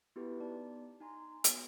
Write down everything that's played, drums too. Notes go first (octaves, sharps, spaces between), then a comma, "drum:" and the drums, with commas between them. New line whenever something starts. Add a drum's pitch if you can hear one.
B3 E4 F#4 G4 A4 B4
B3 D#4 D5 A5
D#4 G#5 A#5 C6
B3 F#4 G#5, drum: hi-hat